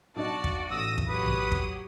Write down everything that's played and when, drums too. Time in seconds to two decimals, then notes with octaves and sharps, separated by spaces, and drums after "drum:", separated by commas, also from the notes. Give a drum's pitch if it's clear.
0.16 B1 D4 F#4 D5 D#5 A5
0.44 drum: kick
0.71 A1 D#6 E6 A#6
0.98 drum: kick
1.08 F#3 G4 B4 D#6
1.25 drum: tom A#1
1.52 drum: kick